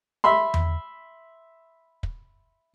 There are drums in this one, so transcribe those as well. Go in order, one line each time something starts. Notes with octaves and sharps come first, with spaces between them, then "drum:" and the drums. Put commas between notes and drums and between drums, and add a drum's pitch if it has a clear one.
E5 B5 C6
drum: tom E2
drum: kick